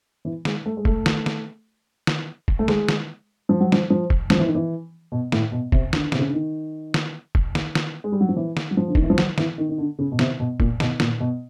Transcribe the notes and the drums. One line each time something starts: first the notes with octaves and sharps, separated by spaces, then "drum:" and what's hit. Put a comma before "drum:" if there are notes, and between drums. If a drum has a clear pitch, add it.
E3
G#3, drum: snare
A3
G#3
A3, drum: kick
drum: snare
drum: snare
drum: snare
drum: kick
A3
G#3, drum: snare
drum: snare
F3
F#3
F3, drum: snare
F3
drum: kick
F3, drum: snare
E3
D#3
E3
B2
A2, drum: snare
B2
C3, drum: kick
D3, drum: snare
C3, drum: snare
C#3
D3
D#3
drum: snare
drum: kick
drum: snare
drum: snare
G#3
G3
F#3
F3
E3
drum: snare
F#3
F3
D3
D#3, drum: kick
E3
F3
F#3, drum: snare
E3, drum: snare
D#3
D#3
D3
C#3
B2
C3, drum: snare
B2
A#2, drum: kick
B2, drum: snare
A#2, drum: snare
B2